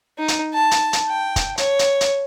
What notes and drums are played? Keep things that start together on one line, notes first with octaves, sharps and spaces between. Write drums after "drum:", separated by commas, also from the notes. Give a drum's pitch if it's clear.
D#4
drum: hi-hat
A5
drum: hi-hat
drum: hi-hat
G5
drum: kick, hi-hat
C#5, drum: hi-hat
drum: hi-hat
drum: hi-hat